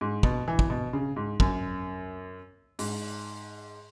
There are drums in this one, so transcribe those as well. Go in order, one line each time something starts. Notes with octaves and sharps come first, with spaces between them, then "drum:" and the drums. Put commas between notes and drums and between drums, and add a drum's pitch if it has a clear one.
G#2
B2, drum: kick
E3
drum: kick
B2
C#3
G#2
F#2, drum: kick
G#2, drum: open hi-hat